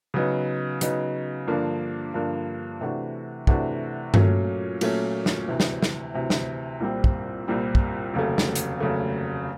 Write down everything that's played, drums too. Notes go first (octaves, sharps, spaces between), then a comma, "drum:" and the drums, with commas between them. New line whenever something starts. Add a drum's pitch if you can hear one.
C#3 F#3 B3 D#4
C#3 F#3 B3 D#4, drum: hi-hat
G2 D3 F3 A#3 D4
G2 D3 F3 A#3 D4
C3 E3 A3 D4 F#4
C3 E3 A3 D4 F#4, drum: kick
A#2 F#3 A3 C#4, drum: tom G2
A#2 F#3 A3 C#4, drum: cymbal
drum: snare
D2 C3 E3
drum: snare
drum: snare
D2 C3 E3
drum: snare
C2 A#2 G3 C4
drum: kick
C2 A#2 G3 C4
drum: kick
F1 D#2 C#3 F#3 A3
drum: snare
drum: hi-hat
F1 D#2 C#3 F#3 A3